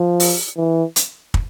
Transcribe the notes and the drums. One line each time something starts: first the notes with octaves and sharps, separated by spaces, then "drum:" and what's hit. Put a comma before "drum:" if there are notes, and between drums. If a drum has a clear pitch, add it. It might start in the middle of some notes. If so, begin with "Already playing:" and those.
Already playing: F3
drum: open hi-hat
E3
drum: hi-hat
drum: kick